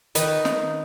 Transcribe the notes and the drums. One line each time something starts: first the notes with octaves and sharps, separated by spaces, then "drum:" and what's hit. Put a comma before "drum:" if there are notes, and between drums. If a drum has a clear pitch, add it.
D#3 D#4 B4, drum: hi-hat
drum: snare